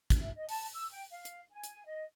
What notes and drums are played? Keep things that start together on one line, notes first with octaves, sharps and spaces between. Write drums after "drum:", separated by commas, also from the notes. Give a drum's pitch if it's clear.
drum: kick, hi-hat
E5
D#5
A5, drum: open hi-hat
E6
G5
F5
drum: hi-hat
G#5
drum: hi-hat
D#5